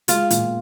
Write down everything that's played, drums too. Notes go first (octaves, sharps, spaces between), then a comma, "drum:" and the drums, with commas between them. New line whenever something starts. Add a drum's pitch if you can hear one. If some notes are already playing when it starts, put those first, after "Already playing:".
G#3 F4, drum: hi-hat
A#2, drum: hi-hat